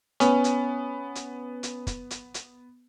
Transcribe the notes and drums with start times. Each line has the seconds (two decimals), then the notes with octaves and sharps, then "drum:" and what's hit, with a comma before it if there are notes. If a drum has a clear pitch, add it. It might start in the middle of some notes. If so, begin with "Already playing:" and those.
0.20 B3 C#4, drum: hi-hat
0.44 drum: hi-hat
1.15 drum: hi-hat
1.63 drum: hi-hat
1.87 drum: kick, hi-hat
2.10 drum: hi-hat
2.34 drum: hi-hat